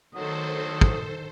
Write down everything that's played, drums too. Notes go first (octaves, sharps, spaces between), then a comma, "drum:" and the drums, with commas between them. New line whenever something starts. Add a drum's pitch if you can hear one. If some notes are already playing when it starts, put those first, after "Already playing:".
D#3 F#3 A3 A4 C5 D#6
drum: kick